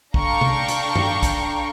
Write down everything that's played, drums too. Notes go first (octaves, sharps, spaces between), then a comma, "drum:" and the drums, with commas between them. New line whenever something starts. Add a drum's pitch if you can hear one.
D4 A4 F5 G5 A#5 C#6, drum: kick
drum: tom C3
drum: hi-hat
drum: tom G2
drum: kick, hi-hat